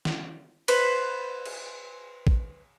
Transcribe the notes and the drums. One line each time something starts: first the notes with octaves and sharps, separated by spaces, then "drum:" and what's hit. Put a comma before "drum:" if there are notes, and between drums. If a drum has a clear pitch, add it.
drum: snare
B4 C5, drum: cymbal
drum: cymbal
drum: kick